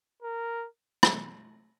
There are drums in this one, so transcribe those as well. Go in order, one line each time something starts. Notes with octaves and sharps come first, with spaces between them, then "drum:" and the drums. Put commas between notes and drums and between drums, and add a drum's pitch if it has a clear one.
A#4
drum: rim click